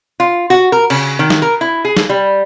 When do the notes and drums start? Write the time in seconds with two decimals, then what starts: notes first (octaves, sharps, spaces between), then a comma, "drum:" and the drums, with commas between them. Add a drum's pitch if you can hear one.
0.20 F4
0.50 F#4
0.72 A#4
0.90 C#3, drum: cymbal
1.19 D#3
1.30 drum: snare
1.42 A#4
1.61 E4
1.85 G#4
1.97 drum: snare
2.10 G3